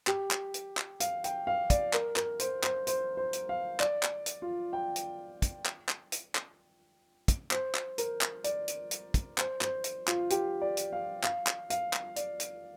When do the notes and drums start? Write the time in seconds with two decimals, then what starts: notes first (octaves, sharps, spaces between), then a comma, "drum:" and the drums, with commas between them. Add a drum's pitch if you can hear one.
0.07 G4, drum: clap
0.31 drum: clap
0.54 drum: hi-hat
0.77 drum: clap
1.00 F5, drum: hi-hat
1.24 G5, drum: hi-hat
1.47 F5
1.70 D5, drum: kick, hi-hat
1.93 A#4, drum: clap
2.16 A#4, drum: clap
2.40 C5, drum: hi-hat
2.63 C5, drum: clap
2.87 C5, drum: hi-hat
3.17 C5
3.33 drum: hi-hat
3.49 F5
3.80 D5, drum: clap
4.03 drum: clap
4.26 drum: hi-hat
4.42 F4
4.73 G5
4.96 drum: hi-hat
5.42 drum: kick, hi-hat
5.66 drum: clap
5.89 drum: clap
6.12 drum: hi-hat
6.35 drum: clap
7.28 drum: kick, hi-hat
7.51 C5, drum: clap
7.75 drum: clap
7.98 A#4, drum: hi-hat
8.21 drum: clap
8.44 D5, drum: hi-hat
8.68 drum: hi-hat
8.91 drum: hi-hat
9.14 drum: kick, hi-hat
9.38 C5, drum: clap
9.61 C5, drum: clap
9.84 drum: hi-hat
10.08 F4, drum: clap
10.30 G4, drum: hi-hat
10.62 D5
10.77 drum: hi-hat
10.92 F5
11.24 F5, drum: clap
11.47 drum: clap
11.70 F5, drum: hi-hat
11.93 drum: clap
12.16 D5, drum: hi-hat
12.40 drum: hi-hat